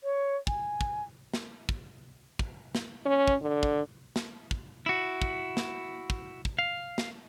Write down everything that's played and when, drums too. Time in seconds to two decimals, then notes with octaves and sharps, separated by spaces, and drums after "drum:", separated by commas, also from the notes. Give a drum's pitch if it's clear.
0.03 C#5
0.47 G#5, drum: kick
0.81 drum: kick
1.34 drum: snare
1.69 drum: kick
2.39 drum: kick
2.75 drum: snare
3.05 C#4
3.28 drum: kick
3.42 D3
3.63 drum: kick
4.16 drum: snare
4.51 drum: kick
4.86 E4 F#4
5.22 drum: kick
5.57 drum: snare
6.10 drum: kick
6.45 drum: kick
6.59 F5
6.98 drum: snare